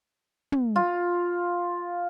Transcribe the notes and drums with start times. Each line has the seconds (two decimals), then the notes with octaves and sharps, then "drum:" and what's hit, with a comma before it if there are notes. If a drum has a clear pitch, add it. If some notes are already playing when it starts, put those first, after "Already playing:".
0.52 drum: tom
0.76 F4